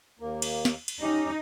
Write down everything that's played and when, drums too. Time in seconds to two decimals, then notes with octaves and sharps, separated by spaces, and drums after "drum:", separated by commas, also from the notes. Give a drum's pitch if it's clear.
0.19 D#2 A#3
0.42 drum: cymbal
0.65 drum: snare
0.88 drum: cymbal
1.02 C#4 D#4 G4